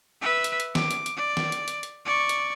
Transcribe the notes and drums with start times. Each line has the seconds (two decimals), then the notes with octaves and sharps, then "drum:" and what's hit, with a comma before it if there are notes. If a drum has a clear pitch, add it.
0.22 B4 E5
0.44 drum: hi-hat
0.60 drum: hi-hat
0.75 D6, drum: snare
0.91 drum: hi-hat
1.06 drum: hi-hat
1.17 D5
1.37 drum: snare
1.52 drum: hi-hat
1.68 drum: hi-hat
1.83 drum: hi-hat
2.06 D5 C#6
2.29 drum: hi-hat